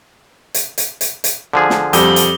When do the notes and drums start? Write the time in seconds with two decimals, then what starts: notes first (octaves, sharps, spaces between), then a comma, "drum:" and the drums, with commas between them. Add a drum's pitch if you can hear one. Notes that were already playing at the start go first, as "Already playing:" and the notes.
0.54 drum: hi-hat
0.78 drum: hi-hat
1.01 drum: hi-hat
1.24 drum: hi-hat
1.53 D3 F3 G#4
1.70 drum: snare
1.93 F2 G3 D6 D#6 G7, drum: hi-hat
2.16 drum: hi-hat